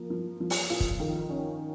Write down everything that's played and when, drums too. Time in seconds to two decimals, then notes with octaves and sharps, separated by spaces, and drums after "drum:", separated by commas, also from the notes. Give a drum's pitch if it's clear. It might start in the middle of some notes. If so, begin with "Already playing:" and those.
Already playing: F3 A#3
0.10 F3
0.40 F3
0.50 drum: open hi-hat
0.70 F4
0.80 drum: kick
1.00 D#3
1.29 C#4